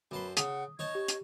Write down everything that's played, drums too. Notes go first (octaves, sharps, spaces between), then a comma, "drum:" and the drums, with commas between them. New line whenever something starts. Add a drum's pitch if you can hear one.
F#2 B4 A5 B5 C6
C#3 F#5 D#6, drum: hi-hat
D#4 C#5 D#5 A5 C#6 G#6
G4
drum: hi-hat